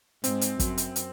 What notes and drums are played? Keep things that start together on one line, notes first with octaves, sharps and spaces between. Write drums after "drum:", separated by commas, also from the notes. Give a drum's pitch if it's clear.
G#2 C4, drum: hi-hat
drum: hi-hat
F#2, drum: kick, hi-hat
drum: hi-hat
drum: hi-hat